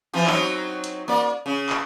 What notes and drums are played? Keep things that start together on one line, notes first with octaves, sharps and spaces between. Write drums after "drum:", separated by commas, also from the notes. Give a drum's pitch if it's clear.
E3 F3 C4
F#3 C4 D#4, drum: clap
drum: hi-hat
A#3 D5
C#3
drum: clap